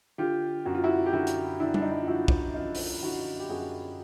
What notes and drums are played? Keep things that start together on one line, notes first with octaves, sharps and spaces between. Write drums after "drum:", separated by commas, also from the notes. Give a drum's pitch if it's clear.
D3 F4 G4
F#2 F#4
F4
E4 F#4
G4
D3 E4 F#4
drum: hi-hat
D3 D4 E4
D4, drum: tom G3
D#4
E4
F4
F3 E4 F#4
drum: kick
F#2 D#4 F4
drum: open hi-hat
D3 E4 F#4
G4
F#2 F#4 G#4